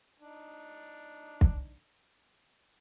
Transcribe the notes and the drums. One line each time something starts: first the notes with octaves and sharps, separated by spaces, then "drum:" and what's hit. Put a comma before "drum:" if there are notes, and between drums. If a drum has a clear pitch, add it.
D4 D#4
drum: kick